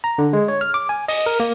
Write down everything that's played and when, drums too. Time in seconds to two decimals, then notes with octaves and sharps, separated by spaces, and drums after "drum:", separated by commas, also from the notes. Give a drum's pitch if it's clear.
0.04 A#5
0.18 D3
0.33 G#3
0.48 C#5
0.61 F6
0.74 D6
0.89 G#5
1.08 D#5, drum: open hi-hat
1.26 A#4
1.40 A#3